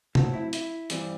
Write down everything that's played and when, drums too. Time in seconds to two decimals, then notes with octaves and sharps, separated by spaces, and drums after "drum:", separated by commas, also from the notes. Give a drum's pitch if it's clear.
0.15 A2 F#3 C4 F#4, drum: tom C3
0.33 E4
0.53 E4, drum: hi-hat
0.90 G2 E3 G3 C4, drum: hi-hat